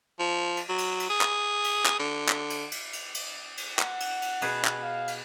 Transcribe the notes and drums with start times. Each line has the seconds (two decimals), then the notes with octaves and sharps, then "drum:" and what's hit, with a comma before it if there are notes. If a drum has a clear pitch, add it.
0.19 F3
0.57 drum: cymbal
0.69 F#3
0.78 drum: cymbal
1.00 drum: cymbal
1.10 G#4
1.21 drum: clap
1.64 drum: cymbal
1.86 drum: clap
1.99 D3
2.29 drum: clap
2.50 drum: cymbal
2.71 drum: cymbal
2.93 drum: cymbal
3.14 drum: cymbal
3.57 drum: cymbal
3.79 F#5, drum: clap
4.00 drum: cymbal
4.22 drum: cymbal
4.42 B2 G#4 B4, drum: cymbal
4.65 drum: clap
4.83 F5
5.08 drum: cymbal